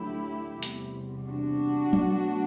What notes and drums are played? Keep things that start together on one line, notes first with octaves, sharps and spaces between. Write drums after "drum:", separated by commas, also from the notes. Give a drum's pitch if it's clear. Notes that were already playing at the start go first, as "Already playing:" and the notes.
Already playing: D2 D3 F#3 A3 E4 G4
E2 C3 G3, drum: hi-hat
D4 F#4
B2 F#3 A3, drum: tom F#3